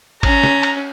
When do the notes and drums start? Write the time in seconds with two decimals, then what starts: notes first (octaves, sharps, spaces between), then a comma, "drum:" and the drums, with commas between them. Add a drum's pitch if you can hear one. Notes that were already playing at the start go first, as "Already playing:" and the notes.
0.23 C#4 A#5, drum: kick G#1, cymbal
0.43 drum: snare
0.63 drum: cymbal